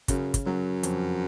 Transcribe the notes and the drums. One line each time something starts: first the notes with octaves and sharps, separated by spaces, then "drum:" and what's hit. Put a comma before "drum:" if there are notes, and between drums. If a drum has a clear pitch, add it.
F#2 C#3, drum: kick, hi-hat
drum: kick, hi-hat
F#2 F#3
F2, drum: hi-hat